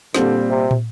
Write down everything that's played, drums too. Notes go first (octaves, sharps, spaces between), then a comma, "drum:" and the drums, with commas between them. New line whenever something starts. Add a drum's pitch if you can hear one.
A#2 D3 G3 C4, drum: snare
C3
drum: tom